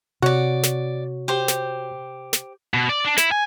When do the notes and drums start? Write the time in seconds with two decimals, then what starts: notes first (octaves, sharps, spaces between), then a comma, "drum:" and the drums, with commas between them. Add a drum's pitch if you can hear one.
0.22 C3 F#4 C#5 D5 F#5
0.63 drum: snare
1.28 G4 C5
1.48 drum: snare
2.33 drum: snare
2.74 B2
2.89 D5
3.05 D4
3.18 E4, drum: snare
3.32 G#5